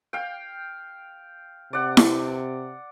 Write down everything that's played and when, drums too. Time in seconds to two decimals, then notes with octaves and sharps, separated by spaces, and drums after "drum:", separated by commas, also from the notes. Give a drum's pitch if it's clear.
0.13 F5 G5
1.73 C3 D5 F#5
1.97 drum: snare E4